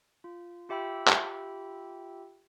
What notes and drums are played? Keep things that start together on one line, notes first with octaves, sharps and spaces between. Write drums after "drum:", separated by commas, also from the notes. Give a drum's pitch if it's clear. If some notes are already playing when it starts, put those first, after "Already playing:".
F4
F4 G4 E5 G5 B5 E6
drum: clap